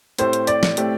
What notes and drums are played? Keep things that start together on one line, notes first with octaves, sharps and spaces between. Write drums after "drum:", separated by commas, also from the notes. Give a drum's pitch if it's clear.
A2 A3 C4 G4 C5, drum: hi-hat
drum: hi-hat
D5, drum: hi-hat
drum: snare
A2 A3 C4 G4, drum: hi-hat